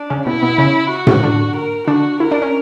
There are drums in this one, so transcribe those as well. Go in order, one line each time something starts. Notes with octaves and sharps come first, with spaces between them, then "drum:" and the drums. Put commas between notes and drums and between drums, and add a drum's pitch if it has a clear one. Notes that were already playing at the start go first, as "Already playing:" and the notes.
Already playing: D4
C#3 C#4
B2 B3 E4
B2 B3
C#3 C#4
F#4
drum: tom A2
D3 D4
A#4
D3 D4 F#4
E4 A#4
D4
C#4